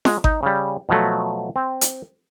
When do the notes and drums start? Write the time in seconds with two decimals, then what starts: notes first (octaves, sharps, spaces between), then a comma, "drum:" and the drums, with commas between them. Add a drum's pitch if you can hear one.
0.05 G#3, drum: snare
0.24 D#4, drum: kick G#1
0.43 C#3 G3
0.89 B2 F3 F#3 A3
1.56 C4
1.81 drum: hi-hat